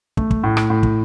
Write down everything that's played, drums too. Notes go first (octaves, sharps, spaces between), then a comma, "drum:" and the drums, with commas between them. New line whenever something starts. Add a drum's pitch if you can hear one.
A3, drum: kick
drum: kick
A2
drum: rim click
A2
drum: kick